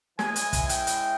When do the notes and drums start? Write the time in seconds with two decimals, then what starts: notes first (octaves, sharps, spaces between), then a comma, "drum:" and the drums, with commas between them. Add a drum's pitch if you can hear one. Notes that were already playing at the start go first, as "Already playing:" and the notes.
0.19 E3 G#3 C#4 E4 G#5, drum: snare
0.36 drum: hi-hat
0.53 drum: kick, hi-hat
0.69 G5, drum: hi-hat
0.87 drum: hi-hat